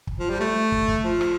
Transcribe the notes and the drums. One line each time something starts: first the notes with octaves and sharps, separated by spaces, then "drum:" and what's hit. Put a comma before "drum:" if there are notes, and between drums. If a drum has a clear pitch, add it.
drum: kick
F3
G3
A3
drum: kick
drum: kick
F3
drum: rim click